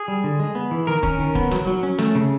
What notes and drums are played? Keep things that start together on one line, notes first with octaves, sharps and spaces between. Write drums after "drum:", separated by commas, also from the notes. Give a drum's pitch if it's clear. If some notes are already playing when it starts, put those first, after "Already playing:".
Already playing: G#4
G3
D3
G#3
B3
E3
D#3 A#4
C#4, drum: kick D#1
D#3
B3, drum: kick D#1
F#3, drum: snare
F#3
C#4
A3, drum: snare
C#3